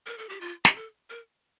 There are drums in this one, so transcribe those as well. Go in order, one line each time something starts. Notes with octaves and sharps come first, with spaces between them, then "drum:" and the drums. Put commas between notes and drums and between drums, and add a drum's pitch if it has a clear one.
A#4
A4
G4
F4
G4, drum: snare
A4
A#4